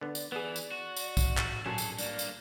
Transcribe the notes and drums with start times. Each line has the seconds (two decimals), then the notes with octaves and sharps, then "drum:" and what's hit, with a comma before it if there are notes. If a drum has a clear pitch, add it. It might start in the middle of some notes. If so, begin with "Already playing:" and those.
0.01 D3 B3 D5
0.15 drum: tambourine
0.32 E3 B3 G#4 D5
0.56 drum: tambourine
0.71 F#4
0.97 drum: tambourine
1.17 drum: kick, tambourine
1.37 drum: clap
1.66 A#2 F#3 C#4 G#4 A4 A5
1.78 drum: tambourine
1.98 G2 A#3 D5, drum: tambourine
2.19 drum: tambourine